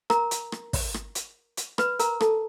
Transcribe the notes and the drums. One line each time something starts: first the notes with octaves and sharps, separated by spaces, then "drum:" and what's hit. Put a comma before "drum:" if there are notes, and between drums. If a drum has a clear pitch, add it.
A#4 A#5, drum: rim click
drum: hi-hat
drum: rim click
drum: kick, open hi-hat
drum: rim click
drum: hi-hat
drum: hi-hat
B4 B5, drum: rim click
A#4 A#5, drum: hi-hat
A4 A5, drum: rim click